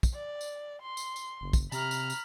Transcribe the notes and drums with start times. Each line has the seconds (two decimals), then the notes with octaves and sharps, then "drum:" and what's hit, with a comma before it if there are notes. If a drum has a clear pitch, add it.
0.03 drum: kick, tambourine
0.14 D5
0.41 drum: tambourine
0.82 C6
0.97 drum: tambourine
1.16 drum: tambourine
1.41 F#1
1.53 drum: kick, tambourine
1.72 C3 A#5 B5 F6, drum: tambourine
1.91 drum: tambourine
2.10 drum: tambourine